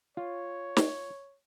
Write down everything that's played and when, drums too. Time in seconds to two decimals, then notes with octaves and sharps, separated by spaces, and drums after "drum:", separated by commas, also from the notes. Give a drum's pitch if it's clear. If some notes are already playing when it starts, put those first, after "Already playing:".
0.17 F4 C#5
0.77 drum: snare